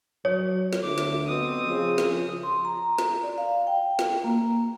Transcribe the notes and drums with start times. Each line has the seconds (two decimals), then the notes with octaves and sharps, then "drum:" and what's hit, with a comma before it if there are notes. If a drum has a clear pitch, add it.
0.25 F#3 C#5
0.73 drum: snare
0.82 D2 D6
0.98 drum: snare
1.27 B2 C4 D#6
1.68 C#3 F3
1.98 drum: snare
2.43 C6
2.65 A#5
2.98 drum: snare
3.24 D5
3.38 F5
3.67 G5
3.99 drum: snare
4.24 A#3